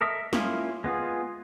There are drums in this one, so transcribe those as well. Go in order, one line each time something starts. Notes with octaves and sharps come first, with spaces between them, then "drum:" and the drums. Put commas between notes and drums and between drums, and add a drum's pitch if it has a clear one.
A4 A#4 D#5 E5
A#3 C#4 E4 F4, drum: snare
G#3 B3 F4 G#4